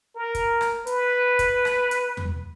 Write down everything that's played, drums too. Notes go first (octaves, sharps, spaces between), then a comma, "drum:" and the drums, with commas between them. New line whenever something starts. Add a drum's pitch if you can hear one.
A#4
drum: kick, hi-hat
drum: rim click
B4, drum: hi-hat
drum: kick, hi-hat
drum: rim click
drum: hi-hat
drum: tom E2